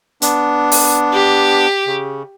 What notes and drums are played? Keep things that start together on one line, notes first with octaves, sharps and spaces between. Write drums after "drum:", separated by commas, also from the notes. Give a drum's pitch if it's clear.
B3 D4, drum: hi-hat
drum: open hi-hat
G4
C#3